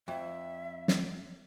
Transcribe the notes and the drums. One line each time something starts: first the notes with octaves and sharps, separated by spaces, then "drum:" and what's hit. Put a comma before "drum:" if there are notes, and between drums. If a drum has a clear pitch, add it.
F2 E5
drum: snare